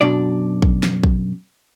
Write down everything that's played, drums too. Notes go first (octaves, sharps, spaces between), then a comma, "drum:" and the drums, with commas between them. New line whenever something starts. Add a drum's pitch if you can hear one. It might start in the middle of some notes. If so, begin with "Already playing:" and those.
F#2 B2 D4 D5
drum: kick
drum: snare
drum: kick